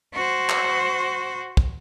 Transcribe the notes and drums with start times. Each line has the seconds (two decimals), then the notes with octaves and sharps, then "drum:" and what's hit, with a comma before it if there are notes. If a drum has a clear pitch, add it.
0.14 F#4 C5
0.49 drum: clap
1.57 drum: kick